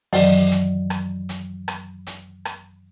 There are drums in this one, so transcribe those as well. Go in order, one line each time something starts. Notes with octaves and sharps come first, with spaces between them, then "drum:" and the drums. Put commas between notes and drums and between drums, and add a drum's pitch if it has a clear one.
F#2 D#3 E3 F#3 D5 D#5, drum: open hi-hat
drum: hi-hat
drum: rim click
drum: hi-hat
drum: rim click
drum: hi-hat
drum: rim click